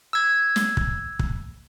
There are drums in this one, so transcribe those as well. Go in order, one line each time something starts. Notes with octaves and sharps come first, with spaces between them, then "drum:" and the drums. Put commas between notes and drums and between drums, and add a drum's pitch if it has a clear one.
E6 G#6
drum: snare
drum: kick
drum: kick